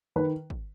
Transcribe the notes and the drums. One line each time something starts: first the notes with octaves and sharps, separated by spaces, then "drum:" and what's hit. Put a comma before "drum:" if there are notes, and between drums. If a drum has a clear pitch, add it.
D#3 B4
drum: kick